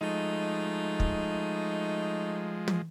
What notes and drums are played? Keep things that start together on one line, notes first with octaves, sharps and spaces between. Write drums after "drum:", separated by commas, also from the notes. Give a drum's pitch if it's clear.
F3 G#3 A3 D#4
drum: kick
drum: tom